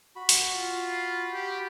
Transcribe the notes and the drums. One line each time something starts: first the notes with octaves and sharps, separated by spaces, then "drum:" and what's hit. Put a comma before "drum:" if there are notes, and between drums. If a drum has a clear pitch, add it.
F#4 B5
drum: open hi-hat
F4
G4